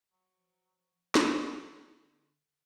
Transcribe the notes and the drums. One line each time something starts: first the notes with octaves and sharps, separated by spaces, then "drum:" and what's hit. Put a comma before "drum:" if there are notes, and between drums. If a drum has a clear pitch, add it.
F#3
F3
E3, drum: snare
D#3
D3